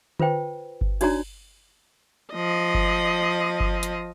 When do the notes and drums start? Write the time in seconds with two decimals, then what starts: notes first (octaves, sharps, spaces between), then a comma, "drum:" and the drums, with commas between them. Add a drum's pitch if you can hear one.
0.19 F4 B4 C5 G5, drum: tom D3
0.81 drum: kick G1
1.01 D4 D#4 F#4 C#5 D5 A#5, drum: cymbal
2.34 F3 D#5
2.74 drum: kick G1
3.60 drum: kick G1
3.83 drum: hi-hat